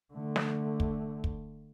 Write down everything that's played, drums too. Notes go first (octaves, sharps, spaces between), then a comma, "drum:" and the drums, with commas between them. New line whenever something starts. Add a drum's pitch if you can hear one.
D3 A3
drum: snare
drum: kick
drum: kick